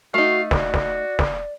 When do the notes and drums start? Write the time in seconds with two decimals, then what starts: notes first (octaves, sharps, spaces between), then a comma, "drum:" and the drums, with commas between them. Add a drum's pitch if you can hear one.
0.14 A3 D#4 F#4 F5
0.51 F#4 D5, drum: snare
0.74 drum: snare
1.19 drum: snare